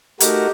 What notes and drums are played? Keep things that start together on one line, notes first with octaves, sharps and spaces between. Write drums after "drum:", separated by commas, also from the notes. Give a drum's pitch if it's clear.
A3 D#4 F#4 G4 A#4, drum: hi-hat